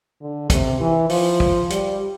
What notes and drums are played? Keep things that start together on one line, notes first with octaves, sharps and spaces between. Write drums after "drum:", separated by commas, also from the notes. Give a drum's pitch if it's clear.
D3
C3, drum: kick, hi-hat
E3
F3, drum: open hi-hat
drum: kick
G3, drum: hi-hat